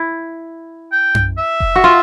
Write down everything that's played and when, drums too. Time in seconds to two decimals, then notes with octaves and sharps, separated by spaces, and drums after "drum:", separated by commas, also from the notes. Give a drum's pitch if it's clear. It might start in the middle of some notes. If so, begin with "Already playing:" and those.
Already playing: E4
0.92 G5
1.15 drum: tom F#2
1.38 E5
1.60 drum: kick F1
1.76 F#4
1.84 F4